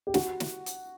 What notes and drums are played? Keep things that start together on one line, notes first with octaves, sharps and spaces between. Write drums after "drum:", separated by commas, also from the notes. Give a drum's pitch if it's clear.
G4
F#4, drum: snare
drum: snare
drum: hi-hat